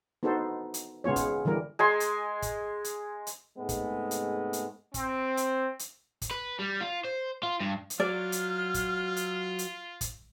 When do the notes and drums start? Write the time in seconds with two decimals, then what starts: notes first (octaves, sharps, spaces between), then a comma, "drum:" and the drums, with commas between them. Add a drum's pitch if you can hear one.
0.23 B3 D#4 F#4 A4 C5
0.74 drum: hi-hat
1.04 C#3 G#3 B3 F4 C#5
1.16 drum: kick, hi-hat
1.45 D3 E3 G3 A#4
1.79 G#3 G#5 C6
2.00 drum: hi-hat
2.42 drum: kick, hi-hat
2.84 drum: hi-hat
3.27 drum: hi-hat
3.58 G#2 C3 G#3 A3 B3
3.69 drum: kick, hi-hat
4.11 drum: hi-hat
4.53 drum: hi-hat
4.94 C4, drum: kick, hi-hat
5.37 drum: hi-hat
5.79 drum: hi-hat
6.22 drum: kick, hi-hat
6.31 B4
6.59 G3
6.81 F4
7.05 C5
7.43 F4
7.60 G2
7.90 drum: hi-hat
8.00 F#3 F4 D5 F6
8.32 drum: hi-hat
8.74 drum: kick, hi-hat
9.16 drum: hi-hat
9.59 drum: hi-hat
10.01 drum: kick, hi-hat